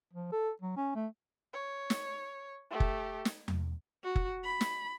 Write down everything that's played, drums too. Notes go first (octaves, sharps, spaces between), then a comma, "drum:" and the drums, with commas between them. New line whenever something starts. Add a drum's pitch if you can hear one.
F3
A4
F#3
C#4
A3
C#5
drum: snare
A3 G4
drum: kick F#1
drum: snare
drum: tom E2
F#4
drum: kick F#1
B5
drum: snare